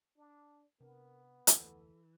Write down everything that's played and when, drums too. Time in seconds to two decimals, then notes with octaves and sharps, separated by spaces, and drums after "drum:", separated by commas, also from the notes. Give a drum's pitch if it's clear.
0.17 D4
0.80 C3 B3 D4 A#4
1.47 F1 D2 E3 A3 A4, drum: hi-hat